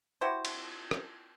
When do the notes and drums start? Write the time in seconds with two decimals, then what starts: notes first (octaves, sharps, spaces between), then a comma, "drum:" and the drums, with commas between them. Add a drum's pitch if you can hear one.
0.21 E4 F#4 G4 C5
0.45 drum: cymbal
0.91 drum: rim click